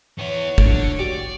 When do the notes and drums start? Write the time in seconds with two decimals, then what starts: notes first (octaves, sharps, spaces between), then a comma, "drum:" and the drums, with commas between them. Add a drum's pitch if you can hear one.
0.19 B3 E4 C#5
0.58 D3 A3, drum: kick
0.99 F#4 G4 D5